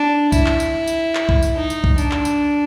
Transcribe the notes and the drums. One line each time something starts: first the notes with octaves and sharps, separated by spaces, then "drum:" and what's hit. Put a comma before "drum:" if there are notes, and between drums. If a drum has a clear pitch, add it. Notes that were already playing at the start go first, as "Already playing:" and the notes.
Already playing: D4
E4, drum: kick, tambourine
drum: clap
drum: tambourine
drum: tambourine
drum: clap
drum: kick
drum: tambourine
D#4
drum: tambourine
drum: kick
D4, drum: tambourine
drum: clap
drum: tambourine